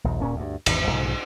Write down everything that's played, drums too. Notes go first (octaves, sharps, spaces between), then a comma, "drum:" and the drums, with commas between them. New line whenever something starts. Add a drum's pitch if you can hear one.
A#1 D#2
D#1 A#2 C#4
D2 G2
G#1 E2, drum: cymbal
B1 G#2 C#3 F3